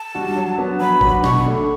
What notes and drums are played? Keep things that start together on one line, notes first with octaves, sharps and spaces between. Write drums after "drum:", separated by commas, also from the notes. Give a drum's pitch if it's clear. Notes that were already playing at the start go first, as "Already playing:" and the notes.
Already playing: A5
G3 D4 F#4
F#3
B3 D4 F#4
F#3 B5
B3 D4 F#4, drum: kick G1
B2 C#6, drum: snare
A3 D4